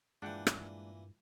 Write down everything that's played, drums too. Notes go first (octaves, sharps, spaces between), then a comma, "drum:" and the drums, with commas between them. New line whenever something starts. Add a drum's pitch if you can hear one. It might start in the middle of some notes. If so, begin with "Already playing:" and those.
G2 A#2 E3 G#3 D4 F#5 G5
drum: rim click